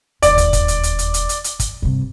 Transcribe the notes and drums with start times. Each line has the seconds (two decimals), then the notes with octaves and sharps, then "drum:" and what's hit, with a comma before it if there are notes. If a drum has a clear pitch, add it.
0.22 E1 D#2 D5, drum: hi-hat
0.38 drum: kick, hi-hat
0.53 drum: kick, hi-hat
0.68 drum: hi-hat
0.83 drum: hi-hat
0.99 drum: hi-hat
1.14 drum: hi-hat
1.29 drum: hi-hat
1.44 drum: hi-hat
1.60 drum: kick, hi-hat
1.82 G2 C3